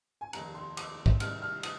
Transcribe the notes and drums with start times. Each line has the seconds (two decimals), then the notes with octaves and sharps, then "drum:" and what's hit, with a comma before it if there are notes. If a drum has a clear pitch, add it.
0.21 G#5
0.33 F1 D#2 D#3 A#5, drum: cymbal
0.55 C6
0.77 D6, drum: cymbal
1.06 drum: kick
1.20 C2 C3 D#3 G3 F6, drum: cymbal
1.42 F6
1.63 D#6, drum: cymbal